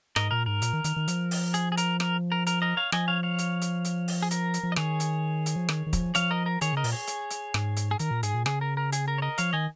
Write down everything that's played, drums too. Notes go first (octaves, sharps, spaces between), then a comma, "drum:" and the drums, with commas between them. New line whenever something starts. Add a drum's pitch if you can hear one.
G#2 A#4 D#5, drum: rim click
A#2 A#4
G#2 A#4
A#2, drum: hi-hat
D#3
D#3, drum: hi-hat
D#3
F3, drum: hi-hat
drum: open hi-hat
G#4, drum: hi-hat
G#4
A#4, drum: hi-hat
A#4, drum: rim click
A#4
A#4, drum: hi-hat
A#4 D#5
C#5 F5
F3 D#5 G#5, drum: rim click
C#5 F5
C#5 F5
drum: hi-hat
drum: hi-hat
drum: hi-hat
drum: open hi-hat
G#4
A#4, drum: hi-hat
drum: hi-hat
F3
D#5
D#3 G#4 C#5, drum: rim click
drum: hi-hat
drum: hi-hat
F3
D#3, drum: rim click
D#3
F3, drum: kick, hi-hat
F3 C#5 F5, drum: hi-hat
A#4 D#5
A#4
D#3 G#4 C#5, drum: hi-hat
C#3 A#4 D#5
A#2, drum: open hi-hat
G#4 C#5
drum: hi-hat
drum: hi-hat
G#2, drum: rim click
drum: hi-hat
G#4
D#3 A#4, drum: hi-hat
A#2
G#2 G#4, drum: hi-hat
A#2
C#3 G#4, drum: rim click
A#4
A#4
G#4, drum: hi-hat
A#4
C#5
A#4 D#5
F3 C#5 F5, drum: hi-hat
D#3 D#5 G#5